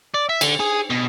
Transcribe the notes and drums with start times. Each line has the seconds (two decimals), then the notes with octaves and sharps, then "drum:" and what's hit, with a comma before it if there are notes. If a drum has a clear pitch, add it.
0.14 D5
0.29 E5
0.41 D3, drum: cymbal
0.60 G#4
0.90 B2